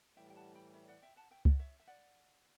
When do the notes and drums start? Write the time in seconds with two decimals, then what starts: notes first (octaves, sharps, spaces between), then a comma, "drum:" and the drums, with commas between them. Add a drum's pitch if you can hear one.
0.17 A2 E3 G3 E5 G5
0.30 G5
0.36 F#5 A5
0.55 G5 B5
0.74 C#5 E5
0.88 D5 F#5
1.02 E5 G5
1.16 F#5 A5
1.31 E5 G5
1.45 D5 F#5, drum: kick C#2
1.59 C#5 E5
1.80 E5
1.88 D5 F#5